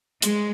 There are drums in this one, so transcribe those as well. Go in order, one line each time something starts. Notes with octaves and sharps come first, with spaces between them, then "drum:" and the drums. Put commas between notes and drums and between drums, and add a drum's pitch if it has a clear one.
G#3, drum: hi-hat